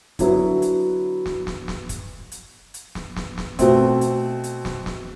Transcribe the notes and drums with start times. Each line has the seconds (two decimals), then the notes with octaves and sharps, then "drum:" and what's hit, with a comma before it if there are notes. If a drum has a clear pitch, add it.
0.19 D3 F#3 B3 E4, drum: kick, hi-hat
0.62 drum: hi-hat
1.26 drum: snare
1.47 drum: snare
1.68 drum: snare
1.89 drum: kick, hi-hat
2.32 drum: hi-hat
2.74 drum: hi-hat
2.95 drum: snare
3.16 drum: snare
3.38 drum: snare
3.59 B2 A3 C4, drum: kick, hi-hat
4.01 drum: hi-hat
4.44 drum: hi-hat
4.65 drum: snare
4.86 drum: snare